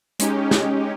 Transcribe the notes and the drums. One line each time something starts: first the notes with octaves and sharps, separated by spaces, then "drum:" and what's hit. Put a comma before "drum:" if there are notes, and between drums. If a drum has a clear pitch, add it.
G#3 C#4 D#4 G4, drum: hi-hat
drum: snare